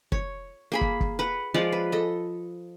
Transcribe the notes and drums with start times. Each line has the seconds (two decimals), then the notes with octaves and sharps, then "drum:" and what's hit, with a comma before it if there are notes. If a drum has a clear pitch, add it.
0.12 C#5, drum: kick
0.72 A#3 G#4 B5
0.81 drum: kick
1.00 drum: kick
1.19 B4 F#5
1.54 F3 G#3 F4 D5
1.72 B4
1.92 A4 D#5